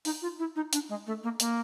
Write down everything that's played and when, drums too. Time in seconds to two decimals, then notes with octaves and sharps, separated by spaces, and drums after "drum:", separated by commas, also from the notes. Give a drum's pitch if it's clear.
0.05 D#4, drum: open hi-hat
0.22 F4
0.39 E4
0.56 D#4
0.73 D4, drum: hi-hat
0.89 G#3
1.07 A3
1.23 A#3
1.40 A#3, drum: hi-hat